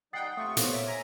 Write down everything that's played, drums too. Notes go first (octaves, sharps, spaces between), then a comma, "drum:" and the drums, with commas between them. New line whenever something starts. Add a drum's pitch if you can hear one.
G3 D#4 F#5 G5 D#6 A6 C7
C3 A3 F4 C#6 D#6
A#2 B3 A4 C5 C#5, drum: hi-hat
A#3 C#5 E5 B6 D7
G#5 A#5